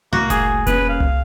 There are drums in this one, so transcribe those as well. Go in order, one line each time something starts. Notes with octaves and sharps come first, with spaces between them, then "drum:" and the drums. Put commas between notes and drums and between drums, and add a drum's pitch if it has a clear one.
C2 A2 A#3 F#4
G#4, drum: kick F1, hi-hat
D#1 A#3 C#4 B4, drum: kick F1, hi-hat
F5
drum: tom C2